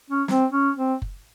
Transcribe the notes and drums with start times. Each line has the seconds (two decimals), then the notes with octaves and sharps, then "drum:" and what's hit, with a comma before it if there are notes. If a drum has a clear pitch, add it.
0.10 C#4
0.28 C4, drum: snare
0.53 C#4
0.77 C4
1.02 drum: kick F#1